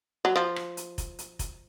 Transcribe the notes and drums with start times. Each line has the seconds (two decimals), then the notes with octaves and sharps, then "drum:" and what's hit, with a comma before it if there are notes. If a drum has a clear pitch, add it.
0.25 F#3
0.36 F3
0.56 drum: rim click
0.77 drum: hi-hat
0.98 drum: kick F1, hi-hat
1.19 drum: hi-hat
1.39 drum: kick F1, hi-hat